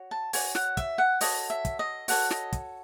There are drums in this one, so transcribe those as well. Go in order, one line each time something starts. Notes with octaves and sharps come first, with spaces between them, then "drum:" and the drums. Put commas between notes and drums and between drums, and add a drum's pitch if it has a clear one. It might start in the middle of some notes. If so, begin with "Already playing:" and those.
Already playing: F#4 C#5
A5
F#4 C#5 G#5, drum: open hi-hat
F#5, drum: snare
E5, drum: kick, hi-hat
F#5
F#4 A4 C#5 D#5, drum: open hi-hat
E5
drum: kick, hi-hat
D#5
F#4 A4 C#5 F#5, drum: open hi-hat
D#5, drum: snare
drum: kick, hi-hat